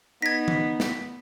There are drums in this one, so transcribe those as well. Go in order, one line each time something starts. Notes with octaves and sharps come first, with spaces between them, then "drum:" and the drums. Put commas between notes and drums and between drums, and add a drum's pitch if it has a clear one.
B3 D#4 G#6 A#6 B6
drum: tom E3
drum: snare